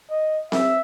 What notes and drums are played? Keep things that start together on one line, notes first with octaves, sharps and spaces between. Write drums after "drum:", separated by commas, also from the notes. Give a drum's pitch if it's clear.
D#5
E5, drum: snare C4